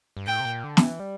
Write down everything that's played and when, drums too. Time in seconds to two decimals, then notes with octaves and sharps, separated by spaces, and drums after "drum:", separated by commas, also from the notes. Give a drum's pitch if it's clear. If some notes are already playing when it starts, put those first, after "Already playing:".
0.17 G2
0.27 A2 G5
0.40 C3
0.45 A#2
0.64 D3
0.77 F3, drum: snare
0.81 E3
1.00 G3